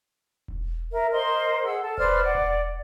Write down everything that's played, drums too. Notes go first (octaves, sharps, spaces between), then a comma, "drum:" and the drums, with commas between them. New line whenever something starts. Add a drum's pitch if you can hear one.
drum: kick E1
A#4 E5
A#4 C5 D#5 C6
G#4 F#5 E6
A4 A5
B4 C5 D5 F6, drum: kick E1
D5 F#5
drum: kick E1